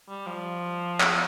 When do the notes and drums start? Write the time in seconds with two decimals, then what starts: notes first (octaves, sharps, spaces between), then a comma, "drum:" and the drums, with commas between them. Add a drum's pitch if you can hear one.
0.09 G3
0.26 F3
1.00 drum: clap